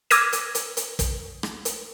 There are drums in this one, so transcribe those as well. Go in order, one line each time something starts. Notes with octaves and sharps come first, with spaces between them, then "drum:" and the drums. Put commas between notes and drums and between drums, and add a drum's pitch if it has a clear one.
D6 E6 F6 G#6 A#6 D#7, drum: hi-hat
drum: hi-hat
drum: hi-hat
drum: hi-hat
drum: kick, hi-hat
drum: rim click
drum: hi-hat